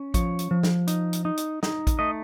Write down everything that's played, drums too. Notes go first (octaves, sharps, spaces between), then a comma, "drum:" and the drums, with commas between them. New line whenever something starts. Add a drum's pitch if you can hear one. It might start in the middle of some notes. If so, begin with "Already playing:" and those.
Already playing: C#4
F3 C#5, drum: kick A1, hi-hat
drum: hi-hat
F3
drum: snare
D#4, drum: hi-hat
drum: hi-hat
D#4
drum: hi-hat
D#4, drum: snare
drum: kick A1, hi-hat
A3 D#5